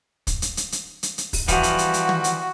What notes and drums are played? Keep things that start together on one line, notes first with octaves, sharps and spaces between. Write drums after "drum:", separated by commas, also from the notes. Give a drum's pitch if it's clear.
drum: kick, hi-hat
drum: hi-hat
drum: hi-hat
drum: hi-hat
drum: hi-hat
drum: hi-hat
drum: kick, open hi-hat
E3 F3 G3 F#4, drum: kick, hi-hat
drum: hi-hat
drum: hi-hat
drum: hi-hat
drum: tom
drum: hi-hat